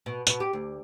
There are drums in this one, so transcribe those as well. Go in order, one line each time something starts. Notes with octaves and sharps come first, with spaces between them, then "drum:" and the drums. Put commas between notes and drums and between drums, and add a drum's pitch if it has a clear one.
B2
B2, drum: tambourine
G4
D2